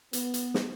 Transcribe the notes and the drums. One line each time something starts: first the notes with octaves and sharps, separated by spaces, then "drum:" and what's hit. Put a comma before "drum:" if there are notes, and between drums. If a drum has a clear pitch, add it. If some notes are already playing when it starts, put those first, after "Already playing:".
B3, drum: hi-hat
drum: hi-hat
drum: snare